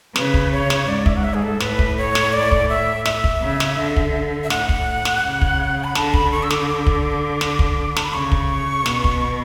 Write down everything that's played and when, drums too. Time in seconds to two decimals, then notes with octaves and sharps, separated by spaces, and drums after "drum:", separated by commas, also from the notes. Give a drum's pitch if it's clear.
0.16 C#3 B4, drum: snare
0.34 drum: kick
0.53 C#5
0.70 drum: snare
0.88 G#2 D5
1.06 E5, drum: kick
1.16 F#5
1.24 E5
1.34 G#4
1.42 A4
1.60 A2 B4, drum: snare
1.79 drum: kick
1.98 C#5
2.15 drum: snare
2.33 D5
2.51 drum: kick
2.69 E5
3.05 E5, drum: snare
3.24 drum: kick
3.42 C#3
3.60 drum: snare
3.78 D3
3.96 drum: kick
4.44 E5
4.50 A2 F#5, drum: snare
4.69 drum: kick
5.05 drum: snare
5.23 C#3
5.42 drum: kick
5.84 B5
5.95 D3 A5, drum: snare
6.14 B5, drum: kick
6.32 C#6
6.43 E6
6.50 D6, drum: snare
6.68 D6
6.87 drum: kick
7.41 drum: snare
7.59 drum: kick
7.96 A5, drum: snare
8.04 B5
8.13 C#3 C#6
8.32 drum: kick
8.86 B2, drum: snare
9.04 drum: kick